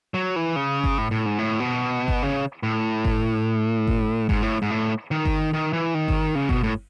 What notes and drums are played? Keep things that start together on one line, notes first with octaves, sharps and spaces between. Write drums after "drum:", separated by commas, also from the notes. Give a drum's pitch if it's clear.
F#3
E3
C#3
drum: kick G1
A2
A2
G#2
A2
B2
drum: kick G1
C#3
A2
drum: kick G1
drum: kick G1
G#2, drum: kick G1
A2
G#2
A2
D#3
drum: kick G1
D#3
E3
D#3
drum: kick G1
C#3
B2, drum: kick G1
A2